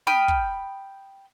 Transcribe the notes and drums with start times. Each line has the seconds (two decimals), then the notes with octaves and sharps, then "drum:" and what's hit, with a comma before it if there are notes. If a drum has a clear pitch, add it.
0.07 G5 B5 D#6 F6, drum: snare
0.28 drum: kick